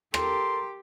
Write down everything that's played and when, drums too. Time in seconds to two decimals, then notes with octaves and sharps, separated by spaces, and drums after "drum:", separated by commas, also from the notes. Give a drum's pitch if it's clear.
0.14 G4 A4 A#4 C6, drum: rim click